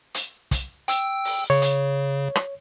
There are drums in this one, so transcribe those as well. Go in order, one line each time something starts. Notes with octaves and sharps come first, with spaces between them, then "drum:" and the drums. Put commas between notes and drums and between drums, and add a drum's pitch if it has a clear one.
drum: hi-hat
drum: kick, hi-hat
G5 E6, drum: hi-hat
drum: open hi-hat
C#3 C#5
drum: hi-hat
drum: rim click